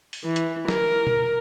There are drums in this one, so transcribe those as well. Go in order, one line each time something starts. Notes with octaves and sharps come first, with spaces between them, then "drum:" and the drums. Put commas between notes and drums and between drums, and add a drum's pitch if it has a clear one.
drum: open hi-hat
E3
drum: hi-hat
A#4, drum: snare
drum: tom B2